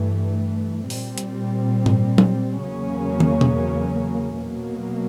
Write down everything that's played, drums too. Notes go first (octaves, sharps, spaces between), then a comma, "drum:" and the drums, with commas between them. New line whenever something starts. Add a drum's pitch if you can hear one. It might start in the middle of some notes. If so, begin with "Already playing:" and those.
Already playing: G2 E3 A3
A#2 G3 C4, drum: open hi-hat
drum: hi-hat
drum: tom G#2
drum: tom F#3
E2 C#3 F#3 A#3 C#4
drum: tom
drum: tom B2
B2 F#3 A#3